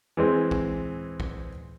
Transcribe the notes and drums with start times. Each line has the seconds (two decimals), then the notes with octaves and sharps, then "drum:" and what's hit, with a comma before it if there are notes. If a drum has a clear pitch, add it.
0.17 E3 G#3 C4
0.51 drum: kick A#1
1.20 drum: kick A#1